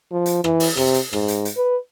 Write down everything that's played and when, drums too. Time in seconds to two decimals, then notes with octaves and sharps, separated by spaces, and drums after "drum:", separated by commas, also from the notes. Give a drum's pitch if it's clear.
0.12 F3
0.26 drum: hi-hat
0.44 E3, drum: rim click
0.60 drum: open hi-hat
0.77 C3, drum: rim click
0.94 drum: hi-hat
1.13 G#2, drum: rim click
1.28 drum: hi-hat
1.45 drum: hi-hat
1.57 B4